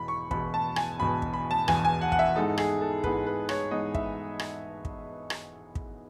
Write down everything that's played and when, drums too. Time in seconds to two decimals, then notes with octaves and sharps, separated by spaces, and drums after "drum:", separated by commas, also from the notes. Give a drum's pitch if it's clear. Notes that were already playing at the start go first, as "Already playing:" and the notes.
Already playing: E1 E2 B2 B5
0.08 C#6
0.31 E1 E2 B2 B5, drum: kick
0.54 A5
0.76 G#5, drum: rim click
0.99 E1 E2 B2 B5
1.22 drum: kick
1.33 B5
1.51 A5
1.68 E1 E2 B2 G#5, drum: rim click
1.85 G#5
2.01 F#5
2.12 F#5, drum: kick
2.19 E5
2.36 G#2 E3 G#3 B3 D#4 A4
2.58 G#4, drum: rim click
2.81 A4
3.04 G#2 E3 G#3 B3 D#4 B4, drum: kick
3.26 B4
3.49 C#5, drum: rim click
3.71 G#2 E3 G#3 B3 D#4 D#5
3.95 E5, drum: kick
4.39 drum: rim click
4.85 drum: kick
5.30 drum: rim click
5.75 drum: kick